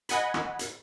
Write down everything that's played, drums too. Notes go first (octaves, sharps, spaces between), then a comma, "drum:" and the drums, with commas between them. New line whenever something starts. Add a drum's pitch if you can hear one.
D#5 F#5 G#5 B5, drum: hi-hat
drum: rim click
drum: hi-hat